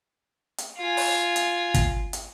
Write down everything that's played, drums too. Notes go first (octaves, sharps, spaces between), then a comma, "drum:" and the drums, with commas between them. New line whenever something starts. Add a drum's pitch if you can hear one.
drum: hi-hat
F4 G#5
drum: open hi-hat
drum: hi-hat
drum: kick, hi-hat
drum: hi-hat